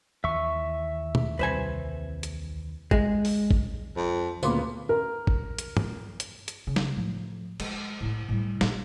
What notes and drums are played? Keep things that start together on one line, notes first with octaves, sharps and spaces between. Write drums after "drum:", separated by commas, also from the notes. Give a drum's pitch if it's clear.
D#2 E3 E5 C#6
drum: tom B2
C2 B4 C5 G#5
drum: hi-hat
G#3, drum: kick
drum: open hi-hat
drum: kick
F2
D2 A#2 C#3 A#3 B3 B4 C6 D6, drum: tambourine
A#4
drum: kick
drum: hi-hat
drum: tom
drum: hi-hat
drum: hi-hat
C#3
drum: snare
A2 F3
G#3, drum: cymbal
A2 E4
A2 G3
A#2 C4, drum: snare